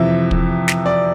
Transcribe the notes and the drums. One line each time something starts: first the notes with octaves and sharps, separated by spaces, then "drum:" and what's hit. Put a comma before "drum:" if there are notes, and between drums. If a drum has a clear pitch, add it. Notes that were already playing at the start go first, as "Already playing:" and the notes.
Already playing: F2 C3 E3 E5
drum: kick
drum: snare
D5